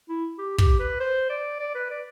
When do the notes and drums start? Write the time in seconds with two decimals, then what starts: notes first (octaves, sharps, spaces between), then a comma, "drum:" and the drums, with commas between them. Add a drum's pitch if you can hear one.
0.09 E4
0.38 G4
0.58 G4, drum: kick
0.79 B4
1.00 C5
1.30 D5
1.60 D5
1.75 B4
1.90 D5